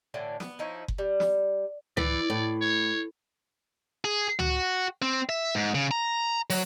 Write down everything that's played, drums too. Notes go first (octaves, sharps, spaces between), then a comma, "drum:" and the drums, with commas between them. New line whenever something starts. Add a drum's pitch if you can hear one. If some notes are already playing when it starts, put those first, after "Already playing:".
A2 D3 E3
B3, drum: snare
F3 D#4 E4 C#5
drum: kick F#1
G3
drum: snare
E3 D5, drum: tom C#2
A2
C#5
G#4
F#4, drum: tom C#2
C4
E5
G#2
C#3
A#5
F#3, drum: open hi-hat